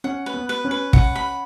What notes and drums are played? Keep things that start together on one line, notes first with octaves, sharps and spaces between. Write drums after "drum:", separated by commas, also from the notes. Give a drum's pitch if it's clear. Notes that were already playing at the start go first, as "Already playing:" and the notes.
C#4 F#5
B4
B3
B4
C#4
B4
F#5, drum: kick
B5